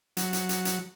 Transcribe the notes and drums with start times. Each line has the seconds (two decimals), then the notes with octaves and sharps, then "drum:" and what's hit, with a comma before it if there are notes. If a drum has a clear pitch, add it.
0.17 F#3, drum: hi-hat
0.33 drum: hi-hat
0.49 drum: hi-hat
0.65 drum: hi-hat